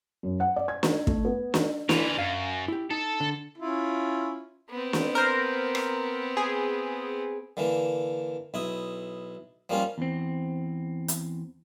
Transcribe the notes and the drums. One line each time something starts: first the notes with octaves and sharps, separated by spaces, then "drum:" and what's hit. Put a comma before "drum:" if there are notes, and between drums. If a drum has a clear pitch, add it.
F#2
F#5
D5
G#6
D#4, drum: snare
A3, drum: kick
B3
D#4, drum: snare
E3 E4 F4, drum: snare
F#2 F5
E4 G4
D#4 A4
D3
C#4 E4 F4
B3 C4
drum: snare
A#4 C5
drum: rim click
G#4
D3 E3 A#3
B1 E4 D#6
F3 G3 A#3 C#4 F4
E2 C4
drum: hi-hat